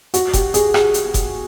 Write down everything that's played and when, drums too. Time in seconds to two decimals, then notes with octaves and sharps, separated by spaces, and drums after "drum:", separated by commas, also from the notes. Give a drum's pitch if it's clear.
0.14 F#4, drum: hi-hat
0.33 G4, drum: kick F1, hi-hat
0.54 G#4, drum: hi-hat
0.74 G#4, drum: rim click
0.94 drum: hi-hat
1.14 drum: kick F1, hi-hat